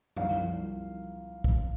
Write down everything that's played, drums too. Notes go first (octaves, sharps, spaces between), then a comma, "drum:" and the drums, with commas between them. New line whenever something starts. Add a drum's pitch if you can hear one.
C2 F5, drum: tom
F3
C2
drum: kick